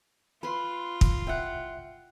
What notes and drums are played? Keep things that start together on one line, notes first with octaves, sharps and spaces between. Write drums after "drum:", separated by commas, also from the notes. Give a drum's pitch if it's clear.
F4 B4 C6
drum: kick
C2 E5 F#5 G5 F#6